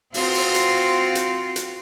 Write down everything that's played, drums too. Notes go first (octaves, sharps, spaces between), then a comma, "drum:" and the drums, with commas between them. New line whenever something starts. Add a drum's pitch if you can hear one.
C4 F4 F#4, drum: open hi-hat
drum: open hi-hat
drum: hi-hat
drum: hi-hat
drum: hi-hat